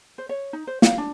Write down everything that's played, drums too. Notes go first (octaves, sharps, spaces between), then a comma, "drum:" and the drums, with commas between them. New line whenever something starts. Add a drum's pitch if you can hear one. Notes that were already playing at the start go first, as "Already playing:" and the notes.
C5
C#5
D#4
C5
F5, drum: snare
D4